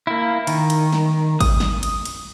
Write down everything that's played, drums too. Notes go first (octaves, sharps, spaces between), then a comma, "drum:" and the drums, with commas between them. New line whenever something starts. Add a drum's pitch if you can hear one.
A#3 E4
D#3, drum: cymbal
drum: cymbal
drum: snare
D#6, drum: kick G#1, cymbal
drum: snare
drum: cymbal
drum: cymbal